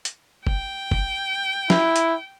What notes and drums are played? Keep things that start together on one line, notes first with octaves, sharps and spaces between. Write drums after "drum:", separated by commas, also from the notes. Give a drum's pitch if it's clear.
drum: hi-hat
G5, drum: kick
drum: kick
E4, drum: snare
drum: hi-hat